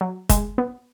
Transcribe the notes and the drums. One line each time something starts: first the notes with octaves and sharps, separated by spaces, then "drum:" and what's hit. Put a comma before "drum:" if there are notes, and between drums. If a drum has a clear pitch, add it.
F#3
G#3, drum: kick, hi-hat
B3